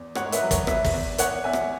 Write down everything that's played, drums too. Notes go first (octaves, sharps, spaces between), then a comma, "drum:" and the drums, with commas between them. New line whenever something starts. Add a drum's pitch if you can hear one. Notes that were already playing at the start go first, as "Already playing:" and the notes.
Already playing: E2
G#2 C#5 F#5, drum: rim click
C#5
B4 E5, drum: hi-hat
F#3
C#5, drum: kick, hi-hat
E2 B4 E5, drum: rim click
drum: kick, open hi-hat
E2
E2 C#5 F#5, drum: hi-hat
E2 E5 G#5
drum: rim click